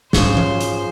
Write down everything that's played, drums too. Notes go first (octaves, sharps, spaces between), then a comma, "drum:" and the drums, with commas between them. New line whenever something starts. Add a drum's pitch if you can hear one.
G#2 C#3 F3 C#4 C5 C#5, drum: snare
drum: tom E3
drum: hi-hat